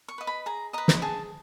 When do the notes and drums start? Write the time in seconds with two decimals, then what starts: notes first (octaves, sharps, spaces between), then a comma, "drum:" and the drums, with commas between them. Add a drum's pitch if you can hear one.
0.08 C#6
0.18 B4 D#5
0.27 B5
0.46 G#4 A#5
0.73 B4 D#5 A#5
0.88 drum: snare
1.02 G#4 A5